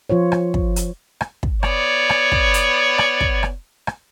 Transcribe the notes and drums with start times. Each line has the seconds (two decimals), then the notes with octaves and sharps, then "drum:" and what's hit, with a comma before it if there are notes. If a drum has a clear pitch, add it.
0.10 F3 F4 C5 C#5
0.32 drum: rim click
0.54 drum: kick
0.76 drum: hi-hat
1.21 drum: rim click
1.43 drum: kick
1.63 B3 C#5 D5, drum: rim click
2.09 drum: rim click
2.32 drum: kick
2.54 drum: hi-hat
2.98 drum: rim click
3.21 drum: kick
3.43 drum: rim click
3.87 drum: rim click